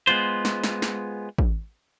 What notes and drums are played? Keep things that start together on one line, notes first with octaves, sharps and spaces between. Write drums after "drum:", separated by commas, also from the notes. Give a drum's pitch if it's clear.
G#3 B3 F4 C5
drum: snare
drum: snare
drum: snare
drum: kick A1